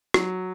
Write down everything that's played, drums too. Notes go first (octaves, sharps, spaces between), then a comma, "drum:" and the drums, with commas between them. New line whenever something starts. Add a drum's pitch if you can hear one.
F#3, drum: rim click